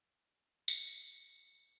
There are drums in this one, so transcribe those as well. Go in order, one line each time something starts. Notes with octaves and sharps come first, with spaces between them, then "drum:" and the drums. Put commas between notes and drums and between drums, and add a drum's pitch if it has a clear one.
C#7, drum: tambourine